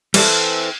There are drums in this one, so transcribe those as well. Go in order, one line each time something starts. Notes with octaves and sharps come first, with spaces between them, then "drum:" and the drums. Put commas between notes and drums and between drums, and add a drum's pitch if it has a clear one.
E3 G3 C4 A4, drum: cymbal